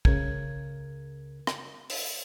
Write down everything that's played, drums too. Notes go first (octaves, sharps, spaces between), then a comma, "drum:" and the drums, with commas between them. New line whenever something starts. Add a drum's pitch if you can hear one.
C#2 C#3 A#4 G#6, drum: kick
drum: rim click
drum: open hi-hat